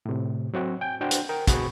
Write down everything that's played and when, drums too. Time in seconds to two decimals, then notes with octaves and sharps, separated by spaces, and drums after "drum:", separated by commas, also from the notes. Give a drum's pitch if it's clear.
0.06 A2 C3
0.54 F#3 C4 F#4
0.81 G5 G#5 G6
1.01 D4 F#4 C5 F#5 G5
1.11 drum: hi-hat
1.29 A#4 G5
1.47 B2 F#4 G#4 B5 C#6, drum: kick, hi-hat